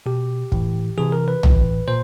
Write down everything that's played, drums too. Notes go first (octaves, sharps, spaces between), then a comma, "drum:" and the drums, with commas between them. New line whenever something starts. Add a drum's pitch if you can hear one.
B2 G4
A2 E3, drum: kick
C3 E3 G#4
A#4
B4
A2 E3, drum: tom A#1
A#2 C5